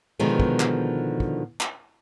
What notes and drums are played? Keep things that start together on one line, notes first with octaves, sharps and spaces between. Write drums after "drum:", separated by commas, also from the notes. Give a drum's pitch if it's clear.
B2 D3 D#3 F3 G#3
drum: kick
drum: clap
drum: kick
drum: clap